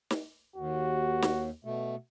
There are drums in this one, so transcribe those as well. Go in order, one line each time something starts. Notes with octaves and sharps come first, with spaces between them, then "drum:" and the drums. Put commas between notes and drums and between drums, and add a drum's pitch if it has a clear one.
drum: snare
D#2 F#4
drum: snare
B2 A3